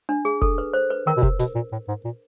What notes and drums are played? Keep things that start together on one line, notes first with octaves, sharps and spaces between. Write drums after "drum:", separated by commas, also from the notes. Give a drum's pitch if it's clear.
D4
G#4
A4, drum: kick F1
B4
C5
B4
D#3 A#4
B2
C3, drum: kick F1
B2, drum: hi-hat
A#2
A2
G#2
A#2